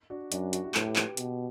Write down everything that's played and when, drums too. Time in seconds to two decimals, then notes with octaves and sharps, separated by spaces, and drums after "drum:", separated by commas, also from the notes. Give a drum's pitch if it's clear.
0.10 D4 F#4
0.32 F#2 D4, drum: hi-hat
0.53 D4 F#4, drum: hi-hat
0.64 E4 G4
0.74 A2 G4 B4, drum: clap
0.86 G4 B4
0.96 G4 B4, drum: clap
1.17 B2, drum: hi-hat